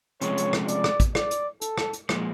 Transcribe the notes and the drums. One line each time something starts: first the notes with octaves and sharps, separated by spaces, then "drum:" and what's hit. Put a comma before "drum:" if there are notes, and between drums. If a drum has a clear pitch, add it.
C3 F3 G#3 C#4 C#5, drum: hi-hat
drum: hi-hat
drum: rim click
D5, drum: hi-hat
drum: rim click
drum: kick, hi-hat
D5, drum: rim click
drum: hi-hat
A4, drum: hi-hat
drum: rim click
drum: hi-hat
A#2 F3 G#3, drum: rim click